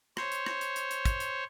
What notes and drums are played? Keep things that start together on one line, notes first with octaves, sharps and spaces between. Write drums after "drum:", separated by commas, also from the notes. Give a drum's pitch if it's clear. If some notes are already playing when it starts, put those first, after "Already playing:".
C5 C#5, drum: rim click
drum: hi-hat
drum: rim click
drum: hi-hat
drum: hi-hat
drum: hi-hat
drum: kick, hi-hat
drum: hi-hat